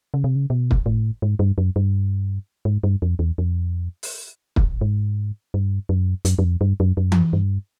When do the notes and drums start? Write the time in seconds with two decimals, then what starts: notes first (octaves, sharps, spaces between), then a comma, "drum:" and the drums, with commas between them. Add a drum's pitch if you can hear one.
0.14 C#3
0.24 C3
0.36 C#3
0.50 B2
0.71 drum: kick
0.86 A2
1.22 G#2
1.39 G2
1.58 F#2
1.76 G2
2.65 G#2
2.84 G2
3.02 F2
3.19 E2
3.38 F2
4.03 drum: open hi-hat
4.56 drum: kick
4.81 G#2
5.54 G2
5.89 F#2
6.25 F#2, drum: hi-hat
6.39 F#2
6.44 F2
6.61 G2
6.80 F#2
6.97 F#2
7.12 drum: tom E3
7.33 G2